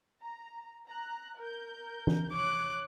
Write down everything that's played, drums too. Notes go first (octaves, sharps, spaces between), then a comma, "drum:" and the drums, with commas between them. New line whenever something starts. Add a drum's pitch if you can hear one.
A#5
A#5 F#6
A#4 G6
drum: tom E3
C#5 D6 F#6